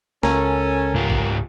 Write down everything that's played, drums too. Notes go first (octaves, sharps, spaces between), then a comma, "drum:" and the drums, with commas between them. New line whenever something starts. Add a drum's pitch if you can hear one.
C#2 C#4 A4 A#4 G#5 A#5, drum: snare
G#2 F4 G4
drum: kick